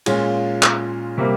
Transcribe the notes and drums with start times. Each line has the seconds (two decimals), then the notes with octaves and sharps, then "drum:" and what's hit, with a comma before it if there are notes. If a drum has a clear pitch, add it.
0.06 A#2 G#3 C#4 F4, drum: cymbal
0.63 drum: clap
1.18 C3 G3 A#3